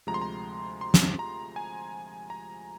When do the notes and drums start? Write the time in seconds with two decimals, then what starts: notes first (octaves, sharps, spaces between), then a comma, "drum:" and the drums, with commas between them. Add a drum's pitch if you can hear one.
0.07 D2 C3 F3 G#3 A#5
0.14 C6
0.22 A#5
0.81 C6
0.94 drum: snare
1.19 A#5
1.56 G#5
2.30 A#5